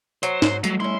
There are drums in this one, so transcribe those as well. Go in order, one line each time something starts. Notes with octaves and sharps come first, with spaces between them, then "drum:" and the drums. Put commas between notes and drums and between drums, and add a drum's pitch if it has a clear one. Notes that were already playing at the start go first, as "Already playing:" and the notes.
F#3 C5, drum: hi-hat
G#2, drum: snare
F#3 G3 A3, drum: hi-hat
C#4 E4 C6